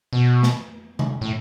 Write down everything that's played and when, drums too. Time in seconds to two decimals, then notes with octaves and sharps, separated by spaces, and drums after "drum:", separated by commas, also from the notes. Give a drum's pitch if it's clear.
0.13 B2
0.43 drum: snare
0.99 drum: tom C3
1.21 A2